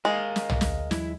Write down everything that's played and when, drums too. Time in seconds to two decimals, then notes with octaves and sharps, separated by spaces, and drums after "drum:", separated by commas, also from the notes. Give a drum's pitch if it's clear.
0.05 G#3 A#4 D#5 F5
0.36 drum: snare
0.50 drum: tom
0.61 D2, drum: snare
0.91 D#2 F3 G3 E4, drum: snare